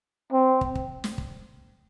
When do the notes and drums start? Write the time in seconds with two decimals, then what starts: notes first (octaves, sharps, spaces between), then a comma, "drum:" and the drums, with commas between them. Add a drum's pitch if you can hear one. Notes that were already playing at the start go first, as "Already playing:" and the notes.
0.33 C4
0.61 drum: kick
0.75 drum: kick
1.04 drum: snare
1.18 drum: kick